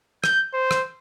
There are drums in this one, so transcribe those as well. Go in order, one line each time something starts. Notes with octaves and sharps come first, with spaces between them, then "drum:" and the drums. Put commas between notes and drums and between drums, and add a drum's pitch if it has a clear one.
G6, drum: rim click
C5
drum: rim click